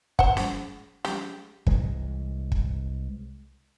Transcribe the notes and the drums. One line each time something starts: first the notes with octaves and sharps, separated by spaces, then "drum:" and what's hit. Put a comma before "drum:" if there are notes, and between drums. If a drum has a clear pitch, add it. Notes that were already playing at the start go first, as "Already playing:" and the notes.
C5 F#5, drum: kick
drum: snare
G4, drum: snare
C2 E3 G#3, drum: kick
drum: kick